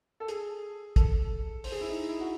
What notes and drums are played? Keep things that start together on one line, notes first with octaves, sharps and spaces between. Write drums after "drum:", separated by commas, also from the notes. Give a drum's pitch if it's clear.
A4
G#4, drum: hi-hat
A4, drum: kick, hi-hat
C5, drum: open hi-hat
G#4
E4
D#4
E4
F#4